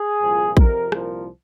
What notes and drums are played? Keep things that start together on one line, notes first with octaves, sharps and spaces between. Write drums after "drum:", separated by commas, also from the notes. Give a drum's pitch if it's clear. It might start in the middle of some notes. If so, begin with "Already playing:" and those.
Already playing: G#4
C2 A#2 F3
F2 C3 F3 A#4, drum: kick
C2 A#2 F3 A#4, drum: rim click